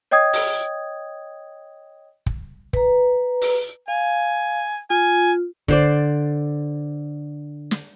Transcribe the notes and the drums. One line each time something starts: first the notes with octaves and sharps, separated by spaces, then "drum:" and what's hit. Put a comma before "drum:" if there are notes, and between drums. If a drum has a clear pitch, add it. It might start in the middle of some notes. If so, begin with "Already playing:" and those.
C#5 D#5 G5 D#6 G#6
drum: open hi-hat
drum: kick
B4 A#5, drum: kick
drum: open hi-hat
F5 G#5
F4 G#5
D3 C5 D5, drum: kick
drum: snare